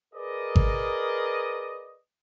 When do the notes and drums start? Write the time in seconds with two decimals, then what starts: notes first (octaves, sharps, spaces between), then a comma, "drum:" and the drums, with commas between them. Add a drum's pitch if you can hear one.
0.14 G#4 A#4 B4 D5 D#5
0.56 drum: kick G#1